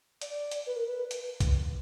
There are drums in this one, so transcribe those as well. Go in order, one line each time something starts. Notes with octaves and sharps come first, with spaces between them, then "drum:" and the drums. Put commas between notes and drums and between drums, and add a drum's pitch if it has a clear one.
D5, drum: hi-hat
drum: hi-hat
B4
A#4
B4
drum: hi-hat
drum: kick C2, hi-hat